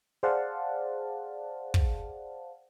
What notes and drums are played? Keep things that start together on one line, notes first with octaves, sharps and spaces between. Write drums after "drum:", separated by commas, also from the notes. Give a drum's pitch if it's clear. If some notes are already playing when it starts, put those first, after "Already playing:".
G#4 C5 D5 F5 F#5 A5
drum: kick